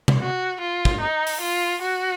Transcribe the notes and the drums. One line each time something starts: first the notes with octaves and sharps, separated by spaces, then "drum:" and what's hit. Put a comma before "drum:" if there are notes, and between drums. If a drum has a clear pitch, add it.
drum: tom C3
F#4
F4
drum: kick
D#4
drum: open hi-hat
F4
F#4